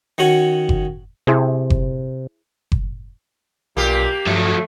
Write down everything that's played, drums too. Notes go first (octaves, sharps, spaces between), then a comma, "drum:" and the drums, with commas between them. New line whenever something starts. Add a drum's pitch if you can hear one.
D#3 C#4 F#4 C#5
drum: kick F#1
C3 E4 G#4 C5
drum: kick F#1
drum: kick F#1
B1 G2 A#2 A#3 G4
G2 F3 F#3 A3